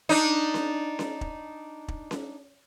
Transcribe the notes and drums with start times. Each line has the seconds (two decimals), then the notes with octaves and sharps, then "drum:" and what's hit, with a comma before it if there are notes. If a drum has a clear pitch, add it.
0.09 D4 D#4
0.54 drum: snare C#4
0.99 drum: snare C#4
1.21 drum: kick
1.88 drum: kick
2.11 drum: snare C#4